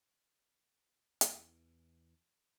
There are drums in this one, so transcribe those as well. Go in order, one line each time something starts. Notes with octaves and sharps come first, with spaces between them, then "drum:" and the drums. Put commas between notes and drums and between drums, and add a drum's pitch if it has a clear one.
E2 E3, drum: hi-hat